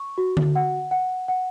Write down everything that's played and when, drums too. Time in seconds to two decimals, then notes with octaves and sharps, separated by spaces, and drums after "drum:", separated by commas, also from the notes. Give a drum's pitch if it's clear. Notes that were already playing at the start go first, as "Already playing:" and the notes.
Already playing: C#6
0.18 F#4
0.37 drum: tom D3
0.55 F#5
0.91 F#5
1.28 F#5